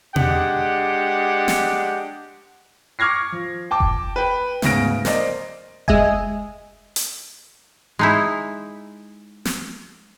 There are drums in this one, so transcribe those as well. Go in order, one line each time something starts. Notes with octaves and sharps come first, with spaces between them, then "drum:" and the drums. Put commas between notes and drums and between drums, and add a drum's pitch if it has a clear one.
G#3 D4 G4 F#5, drum: tom B2
drum: snare
C#6 D6 F6 G#6 A#6 C7
F3
G5 A5 D6
drum: kick F1
B4 G5 B5
D2 G#2 C#3 B3 A#6 D7, drum: snare
A#4 C5 D5 D#5, drum: snare
G#3 D#5 E5 G#5, drum: kick F1
drum: hi-hat
G#3 D#4 E4
drum: snare